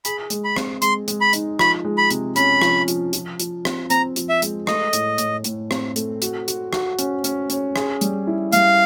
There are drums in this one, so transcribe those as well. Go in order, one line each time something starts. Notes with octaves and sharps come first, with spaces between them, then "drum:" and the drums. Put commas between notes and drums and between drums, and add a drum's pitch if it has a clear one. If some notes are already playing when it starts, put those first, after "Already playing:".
G#4 B5, drum: hi-hat
G#3, drum: hi-hat
B5
C4, drum: rim click
G#3 C6, drum: hi-hat
G#3, drum: hi-hat
B5
D#4, drum: hi-hat
F3 B5, drum: rim click
G#3
B5
C3, drum: hi-hat
C#4 B5, drum: hi-hat
F3, drum: rim click
F3, drum: hi-hat
F3, drum: hi-hat
F3, drum: hi-hat
C4, drum: rim click
C4 A#5, drum: hi-hat
F3, drum: hi-hat
E5
G#3, drum: hi-hat
A3 D#5, drum: rim click
A2, drum: hi-hat
A2, drum: hi-hat
A2, drum: hi-hat
C4, drum: rim click
A3, drum: hi-hat
F#4, drum: hi-hat
F#4, drum: hi-hat
F#4, drum: rim click
C#4, drum: hi-hat
C#4, drum: hi-hat
C#4, drum: hi-hat
G#4, drum: rim click
G3, drum: hi-hat
E4
G3 F5, drum: hi-hat